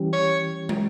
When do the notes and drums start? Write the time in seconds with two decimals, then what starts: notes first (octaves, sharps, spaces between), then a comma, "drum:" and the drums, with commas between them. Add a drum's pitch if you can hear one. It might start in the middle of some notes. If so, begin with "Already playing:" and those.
Already playing: E3 G3 C#4 G4
0.13 C#5
0.69 drum: tom